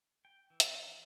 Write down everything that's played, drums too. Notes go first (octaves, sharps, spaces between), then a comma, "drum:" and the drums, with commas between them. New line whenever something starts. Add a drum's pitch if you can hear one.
G5
E3
drum: hi-hat